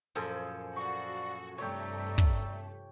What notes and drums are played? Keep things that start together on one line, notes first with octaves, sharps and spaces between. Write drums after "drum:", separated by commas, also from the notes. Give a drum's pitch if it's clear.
F#2 A#2 F3 G#4 A4 C5
F#4 D5 F5 B5 C#6
G2 C3 A3 C#5 D5 G5 A#5 E6
drum: kick